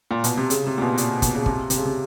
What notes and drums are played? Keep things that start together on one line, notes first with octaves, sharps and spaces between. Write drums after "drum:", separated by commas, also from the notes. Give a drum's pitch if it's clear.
A#2
B2, drum: hi-hat
C3
C#3, drum: hi-hat
C3
A#2
B2
A#2, drum: hi-hat
B2, drum: kick, hi-hat
C#3
C3, drum: kick
C3, drum: hi-hat
C#3
C3